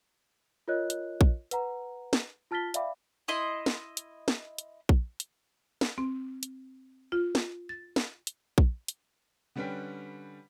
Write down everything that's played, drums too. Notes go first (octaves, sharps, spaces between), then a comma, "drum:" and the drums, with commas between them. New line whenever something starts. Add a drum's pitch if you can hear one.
F4 A#4 C#5 D#5 F#6
drum: hi-hat
drum: kick A#1
B4 F#5 A#5, drum: hi-hat
drum: snare
F4 A5 F6 A6 B6 G7
D5 E5 F5 G5 B5 D6, drum: hi-hat
E4 D#5 C6
drum: snare
drum: hi-hat
drum: snare
drum: hi-hat
drum: kick A#1
drum: hi-hat
drum: snare
C4
drum: hi-hat
F4
drum: snare
A6
drum: snare
drum: hi-hat
drum: kick A#1
drum: hi-hat
D3 G3 C#4 B4 G5 B6